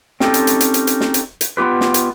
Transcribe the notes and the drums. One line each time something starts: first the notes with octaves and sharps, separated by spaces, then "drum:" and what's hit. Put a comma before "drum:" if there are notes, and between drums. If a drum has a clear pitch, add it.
C4 C#4 D#4 G4 A4, drum: snare
drum: hi-hat
drum: hi-hat
drum: hi-hat
drum: hi-hat
drum: hi-hat
drum: snare
drum: hi-hat
drum: hi-hat
B3 F4 G4 B4
drum: snare
drum: hi-hat